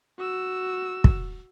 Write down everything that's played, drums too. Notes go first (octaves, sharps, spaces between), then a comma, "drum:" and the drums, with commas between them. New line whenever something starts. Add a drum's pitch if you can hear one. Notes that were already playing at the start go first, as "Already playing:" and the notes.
F#4 E6
drum: kick